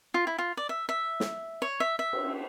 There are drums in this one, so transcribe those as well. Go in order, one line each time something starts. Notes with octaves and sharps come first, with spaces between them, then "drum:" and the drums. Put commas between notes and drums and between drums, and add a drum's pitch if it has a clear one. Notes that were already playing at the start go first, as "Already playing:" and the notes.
F4
E4
F4
D5
E5
E5
drum: snare
C#5
E5
E5
drum: cymbal